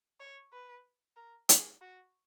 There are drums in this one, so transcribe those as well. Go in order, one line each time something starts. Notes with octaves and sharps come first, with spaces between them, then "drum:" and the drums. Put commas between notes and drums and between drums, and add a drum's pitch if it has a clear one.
C#5
B4
A#4
G#4, drum: hi-hat
F#4